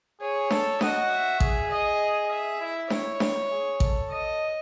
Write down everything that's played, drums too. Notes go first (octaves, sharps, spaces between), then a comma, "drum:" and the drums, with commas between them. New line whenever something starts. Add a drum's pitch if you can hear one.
G#4 C#5
A4, drum: snare D4
F#4 D#5, drum: snare D4
E5
G#4, drum: kick A1
D#5
E5
E4
C#5, drum: snare D4
E4, drum: snare D4
G#4
A4, drum: kick A1
D#5